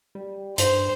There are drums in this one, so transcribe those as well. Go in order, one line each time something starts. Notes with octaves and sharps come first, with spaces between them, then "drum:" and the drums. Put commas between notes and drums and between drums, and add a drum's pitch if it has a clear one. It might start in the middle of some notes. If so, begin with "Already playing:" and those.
G3
G2 C5, drum: hi-hat